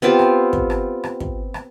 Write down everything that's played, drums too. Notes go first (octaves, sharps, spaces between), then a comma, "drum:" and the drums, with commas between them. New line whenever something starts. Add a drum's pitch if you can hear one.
B3 C4 F4 G4
drum: rim click
drum: kick
drum: rim click
drum: rim click
drum: kick
drum: rim click